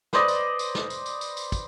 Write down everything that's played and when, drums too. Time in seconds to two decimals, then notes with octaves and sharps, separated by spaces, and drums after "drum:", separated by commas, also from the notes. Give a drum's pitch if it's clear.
0.13 B4 C5 D5 D#5, drum: snare
0.28 drum: tambourine
0.59 drum: tambourine
0.75 drum: snare
0.90 drum: tambourine
1.06 drum: tambourine
1.21 drum: tambourine
1.37 drum: tambourine
1.52 drum: kick, tambourine